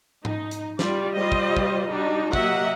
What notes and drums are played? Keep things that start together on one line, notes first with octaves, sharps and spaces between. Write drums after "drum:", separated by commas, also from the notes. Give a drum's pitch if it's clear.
D#4, drum: tom G#2
drum: hi-hat
G3 F4 D5, drum: snare
G3 F4 G4 C5 D#5
drum: kick
drum: kick
G3 D4 D#4 F#4
F#3 A#3 G4 D#5 E5 F#5, drum: kick